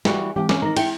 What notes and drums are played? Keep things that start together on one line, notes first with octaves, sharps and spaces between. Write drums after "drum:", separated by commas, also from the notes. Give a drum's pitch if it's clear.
E3 G3 F#4, drum: snare
E3 G#3 C4 G4
C#4 D6, drum: snare
D#3 A#5 A#6
E4 E5 G5 C#7, drum: cymbal